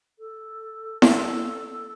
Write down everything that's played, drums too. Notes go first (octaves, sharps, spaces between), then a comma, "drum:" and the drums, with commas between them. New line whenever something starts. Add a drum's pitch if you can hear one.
A4
A4, drum: snare E4